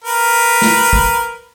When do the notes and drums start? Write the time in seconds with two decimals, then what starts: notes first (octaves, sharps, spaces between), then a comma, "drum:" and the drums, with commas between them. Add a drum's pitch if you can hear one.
0.04 A#4 B4
0.62 drum: snare
0.93 drum: kick